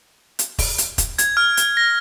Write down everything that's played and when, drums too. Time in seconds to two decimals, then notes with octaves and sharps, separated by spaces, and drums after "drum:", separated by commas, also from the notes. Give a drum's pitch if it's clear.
0.39 drum: hi-hat
0.59 drum: kick E1, open hi-hat
0.78 drum: hi-hat
0.98 drum: kick E1, hi-hat
1.18 G#6, drum: hi-hat
1.37 F6
1.57 drum: hi-hat
1.77 A#6